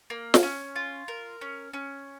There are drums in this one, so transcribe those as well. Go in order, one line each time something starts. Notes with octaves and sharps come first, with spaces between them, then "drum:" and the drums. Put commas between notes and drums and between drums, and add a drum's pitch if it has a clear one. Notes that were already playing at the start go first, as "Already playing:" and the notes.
A#3
drum: snare
C#4
F4
A#4
C#4
C#4